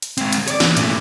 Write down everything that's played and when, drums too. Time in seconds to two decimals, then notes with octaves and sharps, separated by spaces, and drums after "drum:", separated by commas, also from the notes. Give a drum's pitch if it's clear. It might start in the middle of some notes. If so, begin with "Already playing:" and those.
0.02 drum: hi-hat
0.18 G#3 C4, drum: hi-hat
0.33 drum: hi-hat
0.48 C#5 D5, drum: hi-hat
0.60 E3, drum: snare
0.77 A#2 A3, drum: hi-hat